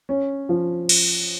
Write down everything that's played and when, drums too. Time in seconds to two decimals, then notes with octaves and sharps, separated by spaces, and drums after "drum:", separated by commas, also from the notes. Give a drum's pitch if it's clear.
0.09 C#4
0.49 F3
0.89 drum: cymbal